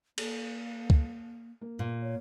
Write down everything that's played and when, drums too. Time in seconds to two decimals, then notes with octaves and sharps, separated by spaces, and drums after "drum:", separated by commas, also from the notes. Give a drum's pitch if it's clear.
0.18 A#3 A4, drum: cymbal
0.90 drum: kick C#2
1.61 A#3
1.79 A#2
2.02 C#5